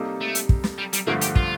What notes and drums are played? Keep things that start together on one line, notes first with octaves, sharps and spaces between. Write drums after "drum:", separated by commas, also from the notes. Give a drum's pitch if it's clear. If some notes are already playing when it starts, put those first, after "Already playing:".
Already playing: C3 G3 A#3 D#4 A4
A3
drum: hi-hat
drum: kick
drum: snare
G3
G3, drum: hi-hat
G2 D3 F3 A3 A#3
G4, drum: hi-hat
F4, drum: kick